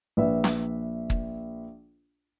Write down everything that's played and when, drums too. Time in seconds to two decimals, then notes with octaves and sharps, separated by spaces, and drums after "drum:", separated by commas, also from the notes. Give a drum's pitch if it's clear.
0.17 A#1 B4 E5
0.44 drum: snare
1.10 drum: kick